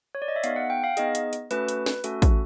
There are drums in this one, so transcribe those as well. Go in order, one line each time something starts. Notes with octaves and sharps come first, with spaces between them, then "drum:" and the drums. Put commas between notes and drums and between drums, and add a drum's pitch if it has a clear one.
C#5
D5
D#5
E5
B3 D#4 G#4 F5, drum: hi-hat
F#5
G5
F5
B3 D#4 G#4 D#5, drum: hi-hat
drum: hi-hat
drum: hi-hat
A3 C#4 F#4 A4 B4, drum: hi-hat
drum: hi-hat
drum: snare
A3 C#4 F#4 A4, drum: hi-hat
drum: kick, hi-hat